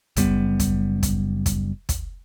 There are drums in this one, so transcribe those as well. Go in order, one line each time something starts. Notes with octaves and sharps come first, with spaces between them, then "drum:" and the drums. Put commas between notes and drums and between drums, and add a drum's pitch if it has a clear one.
F#1 G3 B3, drum: kick, hi-hat
drum: kick, hi-hat
drum: kick, hi-hat
drum: kick, hi-hat
drum: kick, hi-hat